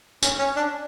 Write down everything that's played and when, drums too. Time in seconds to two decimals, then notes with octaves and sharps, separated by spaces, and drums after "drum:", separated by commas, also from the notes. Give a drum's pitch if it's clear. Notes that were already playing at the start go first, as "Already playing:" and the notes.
0.23 C#4, drum: tambourine
0.39 C#4
0.56 D4